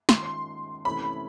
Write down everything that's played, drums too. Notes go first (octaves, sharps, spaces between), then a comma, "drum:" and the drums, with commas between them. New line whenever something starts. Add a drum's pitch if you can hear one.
D#3 G#3 C#4 F4 C6, drum: snare
C3 E3 A3 C#4 B5